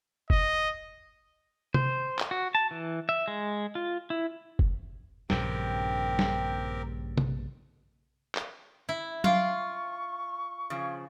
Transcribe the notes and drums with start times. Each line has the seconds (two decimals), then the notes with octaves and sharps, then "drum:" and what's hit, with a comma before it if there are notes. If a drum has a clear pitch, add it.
0.30 D#5, drum: kick
1.74 C5, drum: tom C3
2.19 drum: clap
2.31 F#4
2.55 A5
2.71 E3
3.09 E5
3.28 G#3
3.75 F4
4.10 E4
4.59 drum: kick
5.30 A#1 G2 C#3 C4 G4 A#4, drum: snare
6.19 drum: snare
7.18 drum: tom C3
8.35 drum: clap
8.89 E4
9.24 F4 D5 F5 C#6, drum: tom F#3
10.70 C#3 F3